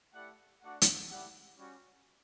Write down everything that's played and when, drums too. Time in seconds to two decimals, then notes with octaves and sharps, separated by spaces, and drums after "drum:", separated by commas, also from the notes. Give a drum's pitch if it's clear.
0.14 A3 E4 G4 D5 F#5
0.62 A3 D4 F#4 D5 F#5
0.82 drum: hi-hat
1.11 A3 E4 G4 D5 F#5
1.59 G3 C#4 F#4